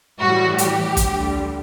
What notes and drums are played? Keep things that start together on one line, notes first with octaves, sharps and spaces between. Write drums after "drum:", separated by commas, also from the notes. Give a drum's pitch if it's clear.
A2 E3 G3 F#4
G4, drum: hi-hat
D2 D3 G3, drum: kick, hi-hat